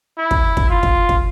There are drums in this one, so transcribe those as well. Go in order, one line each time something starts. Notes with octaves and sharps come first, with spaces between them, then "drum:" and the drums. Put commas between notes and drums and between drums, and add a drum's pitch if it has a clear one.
E4
drum: kick
drum: kick
F4
drum: kick
drum: kick